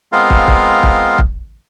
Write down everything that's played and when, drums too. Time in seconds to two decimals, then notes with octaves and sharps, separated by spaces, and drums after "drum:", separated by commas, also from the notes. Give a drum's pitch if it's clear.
0.12 G#3 B3 C4 F4 A#4 F5
0.30 drum: kick
0.48 drum: kick
0.83 drum: kick
1.18 drum: kick